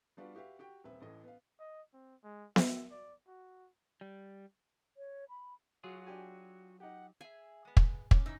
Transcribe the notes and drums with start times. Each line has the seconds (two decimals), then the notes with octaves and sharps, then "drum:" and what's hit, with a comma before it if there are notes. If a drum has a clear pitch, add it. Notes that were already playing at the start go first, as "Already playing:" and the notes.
0.17 G3 B3 D4 F4 F#4
0.35 F#4 G4 B4 E5 F5
0.59 F#4 G4 G5
0.84 D#1 C4 B4 E5
1.01 A1 A2 E3 D#5
1.23 B3 F5
1.60 D#5
1.93 C4
2.24 G#3
2.56 E5, drum: snare B3
2.91 D5
3.27 F#4
4.01 G3
4.97 C#5
5.29 B5
5.84 F#3 F4 F#4 G#4
6.06 D4 G4 G#5
6.80 D#4 G4 F#5
7.21 G#4 E5 F5 G#5
7.65 G#3 B3
7.77 drum: kick
8.11 C#4 D6, drum: kick
8.26 G#2 E3 C#4 D#4 D#5 E5 E6